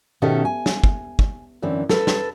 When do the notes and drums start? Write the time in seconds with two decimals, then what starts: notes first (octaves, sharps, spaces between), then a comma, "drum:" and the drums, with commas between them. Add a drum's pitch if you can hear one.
0.22 B2 D#3 C#4 G4 A4 E5
0.45 G#5
0.66 drum: snare
0.84 drum: kick
1.19 drum: kick
1.62 F#2 D3 E3 C4
1.89 A4 B4, drum: snare
2.07 drum: snare